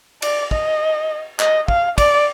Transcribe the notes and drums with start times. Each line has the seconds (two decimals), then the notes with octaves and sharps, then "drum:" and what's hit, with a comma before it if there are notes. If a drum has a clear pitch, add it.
0.22 D5, drum: cymbal
0.51 D#5, drum: kick
1.40 D#5, drum: clap
1.68 F5, drum: kick
1.98 D5, drum: kick, cymbal